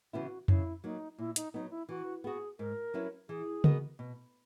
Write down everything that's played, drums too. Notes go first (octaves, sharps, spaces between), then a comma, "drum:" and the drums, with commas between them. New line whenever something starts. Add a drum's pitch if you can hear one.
C#3 E3 B3 E4 F#4
C#3 E4, drum: tom F2
F#3 A#3 D#4
A#2 E4
D#4, drum: hi-hat
F#3 B3 D#4
E4
E3 F#4
B3 F#4 G#4
G#2 A#4
F#3 C#4 E4 B4
E3 G#4
B3 F#4 A#4 D#5, drum: tom C#3
B2